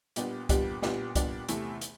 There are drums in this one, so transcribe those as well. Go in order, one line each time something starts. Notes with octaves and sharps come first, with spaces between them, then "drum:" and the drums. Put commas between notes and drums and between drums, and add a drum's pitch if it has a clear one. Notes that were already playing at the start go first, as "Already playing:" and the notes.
A#2 G3 B3 D4 G4, drum: hi-hat
A#2 G3 B3 D4 G4, drum: kick C2, hi-hat
A#2 G3 B3 D4 G4, drum: snare
A#2 G3 B3 D4 G4, drum: kick C2, hi-hat
E2 C3 E3 A3, drum: hi-hat
drum: hi-hat